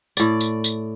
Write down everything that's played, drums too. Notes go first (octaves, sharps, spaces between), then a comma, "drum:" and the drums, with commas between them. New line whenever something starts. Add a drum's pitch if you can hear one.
A2 D5, drum: tambourine
drum: tambourine
drum: tambourine